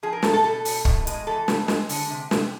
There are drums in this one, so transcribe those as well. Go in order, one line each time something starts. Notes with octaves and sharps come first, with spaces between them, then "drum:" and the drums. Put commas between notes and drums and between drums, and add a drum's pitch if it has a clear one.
F3 G#4
A#4
A2 A4, drum: snare
A4
B2 A4
B2, drum: open hi-hat
A2, drum: kick
G#3, drum: hi-hat
E3 A4
C#3, drum: snare
G#3, drum: snare
D3, drum: open hi-hat
C3
C3, drum: snare